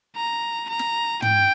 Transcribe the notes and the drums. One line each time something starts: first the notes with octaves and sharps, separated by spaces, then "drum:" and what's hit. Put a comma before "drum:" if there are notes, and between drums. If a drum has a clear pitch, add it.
A#5
A#5
drum: snare
G5, drum: tom